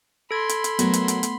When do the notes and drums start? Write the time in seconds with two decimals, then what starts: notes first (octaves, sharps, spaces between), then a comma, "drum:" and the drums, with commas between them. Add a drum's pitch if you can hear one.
0.31 A4 B5 C6 G#6
0.49 drum: hi-hat
0.64 drum: hi-hat
0.79 F#3 A3 B3 F#4 A#4, drum: hi-hat
0.93 drum: hi-hat
1.08 drum: hi-hat
1.23 drum: hi-hat